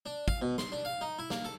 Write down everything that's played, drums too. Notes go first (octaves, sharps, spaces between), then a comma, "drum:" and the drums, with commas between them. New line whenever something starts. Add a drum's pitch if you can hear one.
D4
F5, drum: kick
B2
C6, drum: snare
D4
F5
D#4
E4
A#3, drum: snare
A4